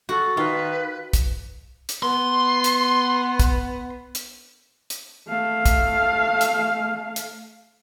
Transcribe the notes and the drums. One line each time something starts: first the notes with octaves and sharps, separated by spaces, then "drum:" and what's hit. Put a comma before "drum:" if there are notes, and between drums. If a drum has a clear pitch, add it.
F#4 A4
D#3 F4 B4
drum: kick, hi-hat
drum: hi-hat
B3 C6
drum: hi-hat
drum: kick, hi-hat
drum: hi-hat
drum: hi-hat
A3 F5
drum: kick, hi-hat
drum: hi-hat
drum: hi-hat